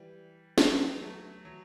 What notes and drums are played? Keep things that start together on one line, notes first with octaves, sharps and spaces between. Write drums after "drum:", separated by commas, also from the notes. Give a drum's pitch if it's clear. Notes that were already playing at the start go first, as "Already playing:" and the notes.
Already playing: E3 G3
A3, drum: snare
B3
F#3 A3
F#3 A3
F#3